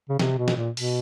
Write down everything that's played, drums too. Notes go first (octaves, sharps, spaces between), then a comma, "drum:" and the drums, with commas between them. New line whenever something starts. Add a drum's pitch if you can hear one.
C#3
C3, drum: snare
B2
drum: snare
A#2
B2, drum: open hi-hat